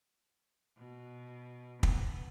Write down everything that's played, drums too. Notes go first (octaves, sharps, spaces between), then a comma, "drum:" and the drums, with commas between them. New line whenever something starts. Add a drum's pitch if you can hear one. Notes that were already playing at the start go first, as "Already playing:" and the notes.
B2
B3, drum: kick